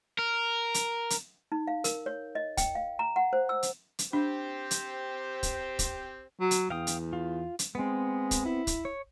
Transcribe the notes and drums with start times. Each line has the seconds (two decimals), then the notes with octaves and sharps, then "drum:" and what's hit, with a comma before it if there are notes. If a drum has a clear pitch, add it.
0.19 A#4
0.74 drum: hi-hat
1.10 drum: hi-hat
1.52 D#4
1.68 F5
1.84 A#4, drum: hi-hat
2.06 C#5
2.35 D#5
2.57 G5, drum: kick, hi-hat
2.75 F5
2.99 A#5
3.16 F#5
3.33 C5
3.49 E6
3.63 drum: hi-hat
3.99 drum: hi-hat
4.13 C4 D4 G4 C5
4.71 drum: hi-hat
5.43 drum: kick, hi-hat
5.79 drum: kick, hi-hat
6.40 F#3
6.51 drum: hi-hat
6.70 E2 F5 G5 D#6
6.87 drum: hi-hat
7.13 F4
7.59 drum: hi-hat
7.75 G#3 B3 C4
8.31 drum: kick, hi-hat
8.45 E4
8.67 drum: kick, hi-hat
8.85 C#5